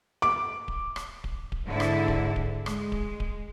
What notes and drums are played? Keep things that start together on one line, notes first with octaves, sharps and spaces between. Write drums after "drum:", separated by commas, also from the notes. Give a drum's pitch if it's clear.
D6
drum: kick D1
drum: rim click
drum: kick D1
drum: kick D1
G#2 D3 E4
drum: rim click
drum: kick D1
drum: kick D1
G#3, drum: rim click
drum: kick D1
drum: kick D1